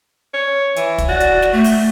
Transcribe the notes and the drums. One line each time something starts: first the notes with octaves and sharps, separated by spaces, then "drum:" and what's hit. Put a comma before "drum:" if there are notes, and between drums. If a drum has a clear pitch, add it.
C#5
E3, drum: hi-hat
drum: kick, hi-hat
F#4 D5
drum: hi-hat
drum: snare
A3
drum: open hi-hat